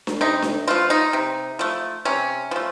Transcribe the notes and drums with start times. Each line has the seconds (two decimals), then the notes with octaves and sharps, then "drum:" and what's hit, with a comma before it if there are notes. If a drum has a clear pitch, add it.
0.07 drum: snare D4
0.21 C3 D#4
0.42 drum: snare D4
0.67 F3 A3 F4
0.90 D#4
1.13 C3
1.59 F3 A3
2.05 C3 C#4
2.51 F3 A3